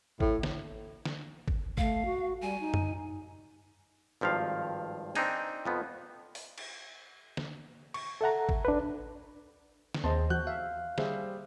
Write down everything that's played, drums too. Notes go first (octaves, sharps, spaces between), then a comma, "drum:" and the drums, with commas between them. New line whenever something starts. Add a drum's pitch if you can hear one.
A2, drum: kick
drum: snare
drum: snare
drum: kick
A3 F5, drum: kick
F#4
G3 G#5
D#4
drum: tom F#2
G#1 G2 F3 D#4 F5
C4 D4 D#4 G#5, drum: cymbal
F2 F3 B3
drum: open hi-hat
drum: cymbal
drum: snare
C#6, drum: cymbal
A4 E5 F#5 A#5
drum: kick
D4 B4
drum: snare
D#2 C4 G#4 C5 D#5 A5 C6
F#4 F#6 G6, drum: tom
E5 F5
G3 G#4 C5 E5, drum: snare